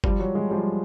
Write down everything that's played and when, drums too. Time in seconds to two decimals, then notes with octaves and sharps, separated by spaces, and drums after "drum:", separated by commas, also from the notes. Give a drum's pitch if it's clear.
0.04 F3 G3, drum: kick
0.20 F#3
0.35 F#3 G#3
0.50 F3 G3